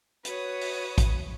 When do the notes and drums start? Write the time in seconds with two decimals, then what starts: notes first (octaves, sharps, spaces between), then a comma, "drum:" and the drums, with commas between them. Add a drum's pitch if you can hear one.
0.25 F#4 B4 C#5 D#6, drum: hi-hat
0.61 drum: open hi-hat
0.98 drum: kick, hi-hat